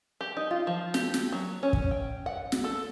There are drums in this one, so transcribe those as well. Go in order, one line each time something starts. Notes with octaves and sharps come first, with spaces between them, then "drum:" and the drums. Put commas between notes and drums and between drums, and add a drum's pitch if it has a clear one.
G4
D#4
F4
F3
G4, drum: snare
drum: snare
F#3
C#4
drum: kick
G5
F#5
drum: snare
A4